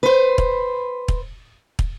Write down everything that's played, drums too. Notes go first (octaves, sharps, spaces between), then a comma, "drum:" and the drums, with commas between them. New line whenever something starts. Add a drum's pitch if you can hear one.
B4 C5
drum: kick
drum: kick
drum: kick